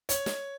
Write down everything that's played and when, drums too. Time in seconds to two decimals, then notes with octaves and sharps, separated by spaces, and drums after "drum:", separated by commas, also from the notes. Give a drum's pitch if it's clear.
0.09 C#5, drum: hi-hat
0.26 drum: snare